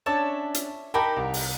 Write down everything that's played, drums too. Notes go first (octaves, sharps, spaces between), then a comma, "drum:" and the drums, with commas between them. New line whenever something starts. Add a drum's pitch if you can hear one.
C#4 D4 C#5 E5 A5
drum: hi-hat
D#4 G4 A#4 G5 A5 B5
C2
drum: open hi-hat